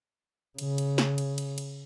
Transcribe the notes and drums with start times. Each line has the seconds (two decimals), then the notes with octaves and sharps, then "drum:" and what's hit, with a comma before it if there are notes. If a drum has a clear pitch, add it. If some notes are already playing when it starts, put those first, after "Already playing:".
0.59 C#3, drum: cymbal
0.78 drum: cymbal
0.98 drum: snare
1.18 drum: cymbal
1.38 drum: cymbal
1.58 drum: cymbal